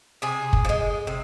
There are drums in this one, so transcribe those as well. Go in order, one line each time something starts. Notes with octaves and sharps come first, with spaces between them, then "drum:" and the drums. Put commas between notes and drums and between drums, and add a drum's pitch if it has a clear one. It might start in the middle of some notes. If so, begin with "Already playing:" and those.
C3 G#4
drum: kick F#1
F3
G#3
C3